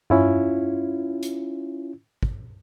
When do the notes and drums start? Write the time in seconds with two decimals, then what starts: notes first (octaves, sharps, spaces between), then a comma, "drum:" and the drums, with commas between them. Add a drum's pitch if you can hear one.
0.10 C#4 E4 F4, drum: tom G2
1.23 drum: hi-hat
2.23 drum: kick